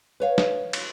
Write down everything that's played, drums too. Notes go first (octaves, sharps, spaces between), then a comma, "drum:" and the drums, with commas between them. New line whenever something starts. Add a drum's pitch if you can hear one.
B4 C#5 F5
drum: snare
drum: cymbal